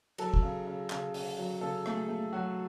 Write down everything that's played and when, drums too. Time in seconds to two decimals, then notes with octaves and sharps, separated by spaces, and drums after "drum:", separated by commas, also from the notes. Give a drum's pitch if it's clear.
0.18 F#3 A4, drum: cymbal
0.34 drum: kick
0.43 C#3
0.67 C#3
0.90 C#3, drum: clap
1.14 C#3, drum: open hi-hat
1.38 F#3
1.61 C#3 A4
1.86 A3, drum: rim click
1.97 G#4
2.09 A3
2.33 F#3 F#4